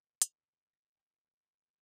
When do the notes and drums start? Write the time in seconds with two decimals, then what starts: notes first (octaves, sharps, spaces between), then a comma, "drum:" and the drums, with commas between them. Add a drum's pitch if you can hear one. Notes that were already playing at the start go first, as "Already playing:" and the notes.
0.04 B2
0.22 B2, drum: hi-hat
0.38 C3
0.53 F#2
0.73 A#6
0.97 G5
1.09 C#2
1.24 F#2
1.42 C6
1.54 G6
1.66 G#3